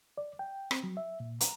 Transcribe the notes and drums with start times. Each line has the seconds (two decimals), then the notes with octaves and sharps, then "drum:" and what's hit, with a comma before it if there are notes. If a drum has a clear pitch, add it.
0.18 D5
0.39 G5
0.71 C4, drum: rim click
0.83 F#3
0.97 E5
1.20 A#2
1.41 A#5, drum: hi-hat